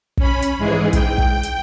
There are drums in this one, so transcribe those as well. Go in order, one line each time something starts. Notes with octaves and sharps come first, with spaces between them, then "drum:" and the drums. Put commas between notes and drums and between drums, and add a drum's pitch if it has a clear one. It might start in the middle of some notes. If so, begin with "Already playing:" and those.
C#4 B5, drum: kick
drum: hi-hat
G#2 E3 G#3 G#4
G5, drum: kick, hi-hat
drum: kick
drum: hi-hat